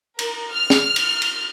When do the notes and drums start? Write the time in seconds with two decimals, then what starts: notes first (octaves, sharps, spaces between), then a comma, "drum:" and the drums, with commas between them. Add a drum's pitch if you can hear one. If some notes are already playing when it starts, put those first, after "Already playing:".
0.19 A#4, drum: cymbal
0.52 F6
0.70 drum: snare
0.96 drum: cymbal
1.22 drum: cymbal